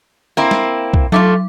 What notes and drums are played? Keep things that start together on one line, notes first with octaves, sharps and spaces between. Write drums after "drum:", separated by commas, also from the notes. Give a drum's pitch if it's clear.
A#3 C4 E4
drum: snare
drum: kick
F#3 A3 E4 F4 D6